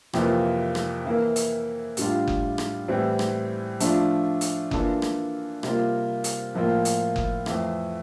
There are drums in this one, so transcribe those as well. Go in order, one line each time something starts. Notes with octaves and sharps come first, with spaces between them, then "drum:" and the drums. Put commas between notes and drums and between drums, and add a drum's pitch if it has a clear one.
F2 C3 E3 A#3 F4, drum: rim click
drum: rim click
E3 A#3 E4 A#4
drum: hi-hat
A2 G3 D4 F4, drum: hi-hat
drum: kick F#1
drum: rim click
A2 E3 G3 C4
drum: rim click
F3 A3 D4 F4, drum: hi-hat
drum: hi-hat
E3 A#3 D4 F4 A4, drum: kick F#1
drum: rim click
C3 G3 A#3 F4, drum: rim click
drum: hi-hat
A2 F3 A#3 F4
drum: hi-hat
drum: kick F#1
F2 E3 A3, drum: rim click